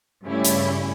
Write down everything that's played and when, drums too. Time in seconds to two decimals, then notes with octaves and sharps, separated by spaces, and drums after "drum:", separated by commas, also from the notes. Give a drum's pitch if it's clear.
0.24 G2 C#3 G3 A3 C#4 E4
0.45 drum: hi-hat